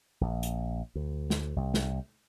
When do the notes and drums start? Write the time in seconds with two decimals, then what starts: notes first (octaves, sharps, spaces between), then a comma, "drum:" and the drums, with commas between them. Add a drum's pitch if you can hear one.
0.21 A#1
0.43 drum: hi-hat
0.95 D2
1.30 drum: snare
1.56 C2
1.74 drum: snare